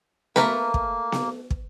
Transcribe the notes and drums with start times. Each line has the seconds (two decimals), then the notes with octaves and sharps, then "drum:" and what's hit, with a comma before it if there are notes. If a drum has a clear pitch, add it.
0.36 A3 A#3 A#4 B4, drum: snare B3
0.74 drum: kick
1.12 drum: snare B3
1.51 drum: kick